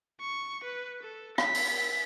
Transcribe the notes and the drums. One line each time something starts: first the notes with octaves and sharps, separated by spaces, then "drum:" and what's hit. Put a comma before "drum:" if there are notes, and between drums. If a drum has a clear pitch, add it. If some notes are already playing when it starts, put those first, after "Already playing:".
C#6
B4
A4
B6, drum: rim click
drum: open hi-hat